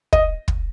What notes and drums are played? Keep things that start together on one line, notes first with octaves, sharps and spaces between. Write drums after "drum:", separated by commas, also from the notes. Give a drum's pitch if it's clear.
D#5, drum: kick
drum: kick